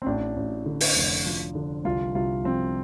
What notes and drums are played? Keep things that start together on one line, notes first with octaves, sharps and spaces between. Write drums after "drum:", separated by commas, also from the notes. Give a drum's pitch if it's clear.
C4
A1 D4
A1
D3
drum: open hi-hat
F1
F3
D3
C2 F4
C2 F4
F3 C4